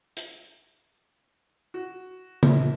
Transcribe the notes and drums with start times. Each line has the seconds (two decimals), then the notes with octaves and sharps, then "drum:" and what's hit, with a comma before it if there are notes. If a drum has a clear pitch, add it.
0.17 drum: hi-hat
1.74 F#4
2.43 A#1, drum: tom